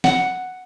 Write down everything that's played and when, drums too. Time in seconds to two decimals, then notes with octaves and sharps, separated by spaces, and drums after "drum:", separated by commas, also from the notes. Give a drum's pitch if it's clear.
0.04 F#5, drum: snare